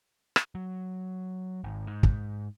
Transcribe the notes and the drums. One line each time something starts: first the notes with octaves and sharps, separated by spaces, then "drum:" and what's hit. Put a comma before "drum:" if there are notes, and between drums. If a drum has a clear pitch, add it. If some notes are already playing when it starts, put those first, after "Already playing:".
drum: rim click
F#3
G#1
G#2
drum: kick